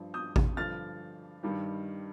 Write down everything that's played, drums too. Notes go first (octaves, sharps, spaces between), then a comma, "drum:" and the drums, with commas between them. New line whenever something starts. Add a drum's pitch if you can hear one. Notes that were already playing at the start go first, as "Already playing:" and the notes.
Already playing: G2 F3
D#6 G6
drum: kick A1
G2 D3 F3 F6 A6
G2 D#3 G3